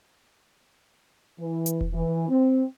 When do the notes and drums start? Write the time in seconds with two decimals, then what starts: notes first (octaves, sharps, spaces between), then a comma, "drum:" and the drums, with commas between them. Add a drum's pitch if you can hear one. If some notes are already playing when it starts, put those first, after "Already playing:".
1.39 E3
1.66 drum: hi-hat
1.81 drum: kick E1
1.93 E3
2.29 C4